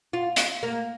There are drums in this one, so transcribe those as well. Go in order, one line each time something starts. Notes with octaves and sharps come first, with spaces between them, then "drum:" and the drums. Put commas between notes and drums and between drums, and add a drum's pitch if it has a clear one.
F4
drum: hi-hat
A#3